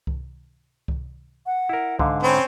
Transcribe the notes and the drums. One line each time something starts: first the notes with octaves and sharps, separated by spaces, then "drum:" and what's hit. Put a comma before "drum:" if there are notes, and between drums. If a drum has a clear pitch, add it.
drum: kick C2
drum: kick C2
F#5
E4 A#4
G#2 D3 F5, drum: kick C2
C4 C#4 C5 B5